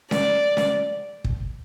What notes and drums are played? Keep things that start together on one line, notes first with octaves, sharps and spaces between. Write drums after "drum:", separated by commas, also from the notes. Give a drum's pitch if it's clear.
D5, drum: snare C#4
drum: snare C#4
drum: kick